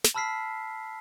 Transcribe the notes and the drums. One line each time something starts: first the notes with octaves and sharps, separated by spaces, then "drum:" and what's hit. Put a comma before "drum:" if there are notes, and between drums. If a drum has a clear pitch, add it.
drum: snare
A5 B5 E6 F6 B6 C7